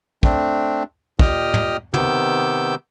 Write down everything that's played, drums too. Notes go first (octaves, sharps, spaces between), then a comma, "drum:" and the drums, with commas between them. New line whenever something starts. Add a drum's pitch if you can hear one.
A3 C4 D4, drum: kick
A#2 G4 D#5 G5 D#6 F6, drum: kick
drum: tom
C3 D#3 B3 D6 E6 G6, drum: tom